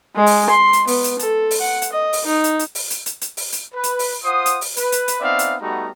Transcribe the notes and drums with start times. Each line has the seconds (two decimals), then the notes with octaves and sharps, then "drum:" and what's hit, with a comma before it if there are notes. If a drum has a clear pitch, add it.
0.15 G#3
0.26 drum: open hi-hat
0.50 C6
0.73 drum: hi-hat
0.87 B3, drum: open hi-hat
1.04 drum: hi-hat
1.19 A4, drum: hi-hat
1.51 drum: open hi-hat
1.61 F#5
1.82 drum: hi-hat
1.92 D#5
2.13 drum: open hi-hat
2.26 D#4
2.44 drum: hi-hat
2.59 drum: hi-hat
2.75 drum: open hi-hat
2.90 drum: hi-hat
3.06 drum: hi-hat
3.21 drum: hi-hat
3.37 drum: open hi-hat
3.52 drum: hi-hat
3.74 B4
3.84 drum: hi-hat
3.99 drum: open hi-hat
4.24 F4 C5 F#5 C6 D#6
4.46 drum: hi-hat
4.61 drum: open hi-hat
4.77 B4, drum: hi-hat
4.92 drum: hi-hat
5.08 drum: hi-hat
5.20 B3 C4 D#4 D5 E5 F5
5.39 drum: hi-hat
5.61 G3 A3 B3 D#4 F#4 A#5